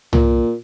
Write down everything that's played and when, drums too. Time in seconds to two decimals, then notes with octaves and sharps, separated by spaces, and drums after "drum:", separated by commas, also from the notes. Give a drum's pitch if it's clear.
0.13 A#2, drum: tom C2